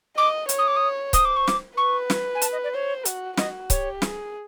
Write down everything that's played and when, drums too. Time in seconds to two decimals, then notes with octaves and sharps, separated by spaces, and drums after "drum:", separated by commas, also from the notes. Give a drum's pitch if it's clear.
0.17 D#5 D6
0.49 C#5, drum: hi-hat
0.58 D#6
0.68 D6
0.76 D#6
1.13 C5 D#6, drum: kick C#1, hi-hat
1.25 D6
1.36 C#6
1.47 D6, drum: snare
1.77 B4 C#6
2.10 drum: snare
2.35 G#5
2.42 A5, drum: hi-hat
2.52 D#5
2.63 D5
2.74 C5 C#5
3.05 F#4, drum: hi-hat
3.37 F#4 D#5, drum: snare
3.70 G4 C#5, drum: kick C#1, hi-hat
4.02 G#4, drum: snare